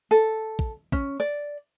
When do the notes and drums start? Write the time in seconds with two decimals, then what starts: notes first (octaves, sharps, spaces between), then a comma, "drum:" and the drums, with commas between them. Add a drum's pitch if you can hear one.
0.11 A4
0.59 drum: kick
0.92 C#4, drum: kick
1.20 D5